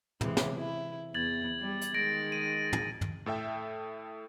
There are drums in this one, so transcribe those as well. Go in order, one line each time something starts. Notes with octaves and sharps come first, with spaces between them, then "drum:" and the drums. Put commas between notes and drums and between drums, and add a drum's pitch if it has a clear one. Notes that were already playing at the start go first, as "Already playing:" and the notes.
C3 E3 G#3, drum: tom
drum: snare
E4
E2 G#6 A6 F#7
G3
drum: hi-hat
D#3 G#3 A6 A#6 D7
D#7
drum: tom
drum: tom
A2 A4 E5 G5